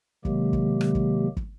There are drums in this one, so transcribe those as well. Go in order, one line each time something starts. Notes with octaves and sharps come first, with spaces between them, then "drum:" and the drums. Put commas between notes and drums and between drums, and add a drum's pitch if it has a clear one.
C3 D#3 F#3 G#3 A#3 G4, drum: kick
drum: kick
drum: rim click
drum: kick
drum: kick